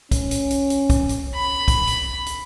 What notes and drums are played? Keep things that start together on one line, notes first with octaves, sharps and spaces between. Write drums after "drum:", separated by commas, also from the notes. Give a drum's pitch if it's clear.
C#4, drum: kick, hi-hat
drum: hi-hat
drum: hi-hat
drum: hi-hat
drum: kick, hi-hat
drum: hi-hat
B5
drum: kick, hi-hat
drum: hi-hat
drum: hi-hat